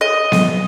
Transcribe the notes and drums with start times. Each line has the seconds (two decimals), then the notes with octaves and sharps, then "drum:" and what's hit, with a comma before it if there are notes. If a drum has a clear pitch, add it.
0.01 D#5
0.32 drum: snare B3